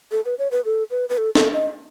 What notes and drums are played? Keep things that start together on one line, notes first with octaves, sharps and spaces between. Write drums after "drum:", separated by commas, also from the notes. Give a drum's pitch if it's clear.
A4
B4
C#5
B4
A4
B4
B4
A4
A4, drum: snare
D#5